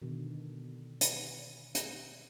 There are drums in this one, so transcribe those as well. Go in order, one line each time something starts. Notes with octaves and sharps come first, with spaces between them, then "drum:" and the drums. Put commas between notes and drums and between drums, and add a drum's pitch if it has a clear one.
B2 D3 D#3
drum: hi-hat
drum: hi-hat